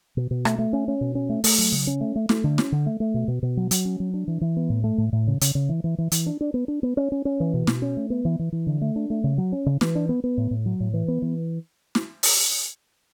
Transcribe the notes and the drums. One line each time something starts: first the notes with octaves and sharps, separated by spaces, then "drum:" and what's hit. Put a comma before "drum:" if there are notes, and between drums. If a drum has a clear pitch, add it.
B2
B2
A3, drum: rim click
A3
C#4
C#4
B2
C#4
A3
A3, drum: open hi-hat
F#3
C#3
C#4
A3
A3
A3, drum: snare
D3
C#4, drum: snare
D3
A3
A3
B2
B2
B2
F#3
F#3, drum: hi-hat
C#4
F#3
D4
E3
E3
B3
A2
A3
A2
A2
C#3
C#3, drum: hi-hat
C#3
E3
E3
E3
E3, drum: hi-hat
D4
D4
B3
D4
B3
C#4
C#4
C#4
E3
B2
B2, drum: snare
C#4
A3
B3
E3
E3
E3
D3
A3
D4
A3
C#3
F#3
C#4
C#3
E3, drum: snare
D4
B3
B3
A2
A2
F#3
A2
E3
B3
E3
drum: snare
drum: open hi-hat